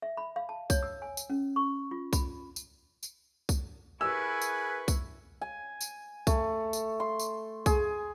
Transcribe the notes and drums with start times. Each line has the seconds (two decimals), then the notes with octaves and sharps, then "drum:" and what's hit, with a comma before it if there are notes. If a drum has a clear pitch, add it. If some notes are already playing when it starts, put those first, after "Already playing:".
0.02 E5
0.17 B5
0.36 F5
0.49 A5
0.70 C#5, drum: kick C2, tambourine
0.83 E6
1.02 G#5
1.17 drum: tambourine
1.30 C#4
1.56 C#6
1.91 F4
2.13 B5, drum: kick C2, tambourine
2.56 drum: tambourine
3.03 drum: tambourine
3.49 drum: kick C2, tambourine
4.01 E4 G#4 A#4 B4 G#5 C#6 E6
4.42 drum: tambourine
4.88 drum: kick C2, tambourine
5.41 G#5
5.81 drum: tambourine
6.27 A3, drum: kick C2, tambourine
6.73 drum: tambourine
7.00 C6
7.20 drum: tambourine
7.66 G#4, drum: kick C2, tambourine